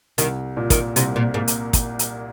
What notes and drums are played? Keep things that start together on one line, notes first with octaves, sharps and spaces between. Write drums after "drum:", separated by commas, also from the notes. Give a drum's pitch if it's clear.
C2 D#3, drum: hi-hat
A#2
D#3, drum: kick, hi-hat
C2 C3, drum: hi-hat
A#2
G#2 A#3
drum: hi-hat
drum: kick, hi-hat
drum: hi-hat